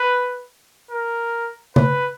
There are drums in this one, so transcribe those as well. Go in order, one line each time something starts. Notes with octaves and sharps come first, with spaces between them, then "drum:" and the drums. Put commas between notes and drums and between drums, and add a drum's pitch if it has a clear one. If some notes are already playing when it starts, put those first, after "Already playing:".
Already playing: B4
A#4
B4, drum: tom